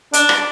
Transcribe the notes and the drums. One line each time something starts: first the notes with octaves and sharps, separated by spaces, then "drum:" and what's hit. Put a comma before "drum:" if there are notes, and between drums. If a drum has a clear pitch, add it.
D4, drum: hi-hat
drum: rim click